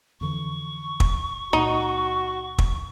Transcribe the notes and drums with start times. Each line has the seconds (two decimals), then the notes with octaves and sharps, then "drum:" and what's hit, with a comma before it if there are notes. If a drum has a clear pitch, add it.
0.21 F2 D3 E3 C#6
1.00 drum: kick
1.53 C#2 A#2 D#4 F#4
2.58 drum: kick